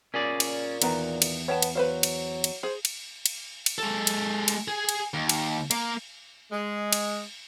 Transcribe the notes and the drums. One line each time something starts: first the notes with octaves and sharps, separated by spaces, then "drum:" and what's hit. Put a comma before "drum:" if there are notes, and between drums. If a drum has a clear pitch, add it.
A#2 C#4 G#4 D5
drum: cymbal
E2 D#3 B3 A#5, drum: cymbal
drum: cymbal
B3 C#5 G5 A5
drum: cymbal
F#3 B4 C5 F5
drum: cymbal
drum: cymbal
G#4 C5
drum: cymbal
drum: cymbal
drum: cymbal
G#3 A4
drum: cymbal
drum: cymbal
G#4 G#5
drum: cymbal
D#2
drum: cymbal
A#3, drum: cymbal
G#3
drum: cymbal